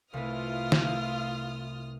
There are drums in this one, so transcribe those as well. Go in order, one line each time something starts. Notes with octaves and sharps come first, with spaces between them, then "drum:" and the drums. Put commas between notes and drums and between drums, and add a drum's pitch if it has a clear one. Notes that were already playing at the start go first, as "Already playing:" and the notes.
C2 A3 E4 F4 B4 F5 D#6 F6
drum: snare